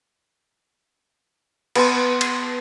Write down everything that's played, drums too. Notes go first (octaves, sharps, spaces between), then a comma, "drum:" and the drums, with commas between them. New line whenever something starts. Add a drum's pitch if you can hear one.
B3 A5 C6, drum: cymbal
drum: cymbal